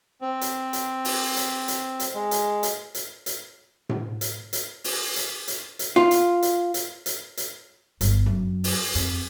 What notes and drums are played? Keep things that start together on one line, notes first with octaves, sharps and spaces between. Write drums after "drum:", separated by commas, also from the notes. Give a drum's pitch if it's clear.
C4
drum: hi-hat
drum: hi-hat
drum: open hi-hat
drum: hi-hat
drum: hi-hat
drum: hi-hat
G#3
drum: hi-hat
drum: hi-hat
drum: hi-hat
drum: hi-hat
drum: tom A2
drum: hi-hat
drum: hi-hat
drum: open hi-hat
drum: hi-hat
drum: hi-hat
drum: hi-hat
F4
drum: hi-hat
drum: hi-hat
drum: hi-hat
drum: hi-hat
drum: hi-hat
G1, drum: hi-hat
F#2
drum: open hi-hat
F2, drum: hi-hat